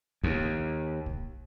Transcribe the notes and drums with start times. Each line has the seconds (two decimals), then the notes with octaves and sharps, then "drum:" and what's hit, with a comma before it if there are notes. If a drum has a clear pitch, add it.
0.23 D#2, drum: kick
1.06 drum: kick